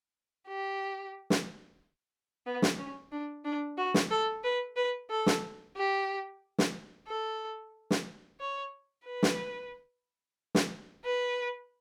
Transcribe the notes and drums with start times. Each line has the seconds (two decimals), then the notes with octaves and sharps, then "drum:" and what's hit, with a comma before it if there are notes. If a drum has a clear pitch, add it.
0.48 G4
1.30 drum: snare
2.46 B3
2.62 drum: snare
2.78 C#4
3.12 D4
3.45 D4
3.78 F#4
3.94 drum: snare
4.11 A4
4.44 B4
4.76 B4
5.10 A4
5.26 drum: snare
5.77 G4
6.58 drum: snare
7.07 A4
7.91 drum: snare
8.40 C#5
9.06 B4
9.23 drum: snare
10.55 drum: snare
11.05 B4